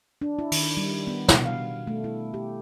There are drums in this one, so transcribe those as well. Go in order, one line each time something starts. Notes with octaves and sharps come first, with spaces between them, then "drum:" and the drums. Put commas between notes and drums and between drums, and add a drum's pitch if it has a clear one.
D4
E4
D#3, drum: open hi-hat
G3
B3
B2, drum: snare
F5
A3
E4
G4